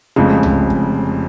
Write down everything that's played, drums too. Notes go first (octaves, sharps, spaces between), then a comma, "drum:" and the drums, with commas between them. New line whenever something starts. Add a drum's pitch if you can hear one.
F1 F2 C#3 G#3
drum: tom C#2
drum: kick